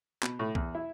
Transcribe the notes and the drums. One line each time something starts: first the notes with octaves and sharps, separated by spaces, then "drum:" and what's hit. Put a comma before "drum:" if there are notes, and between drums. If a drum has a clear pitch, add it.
B2, drum: clap
A2
E2, drum: kick
E4